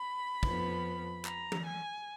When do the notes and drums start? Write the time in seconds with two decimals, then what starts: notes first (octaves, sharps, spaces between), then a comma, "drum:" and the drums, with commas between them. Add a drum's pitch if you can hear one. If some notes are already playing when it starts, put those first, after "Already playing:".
Already playing: B5
0.43 F2 F3 B3, drum: kick
1.25 A#5, drum: clap
1.52 drum: tom
1.66 G#5